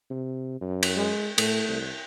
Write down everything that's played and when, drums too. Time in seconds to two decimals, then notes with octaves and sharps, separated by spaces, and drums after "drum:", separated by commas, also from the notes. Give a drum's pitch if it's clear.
0.11 C3
0.61 F#2
0.83 drum: cymbal
0.97 G#3
1.38 A2 A3, drum: cymbal
1.69 C2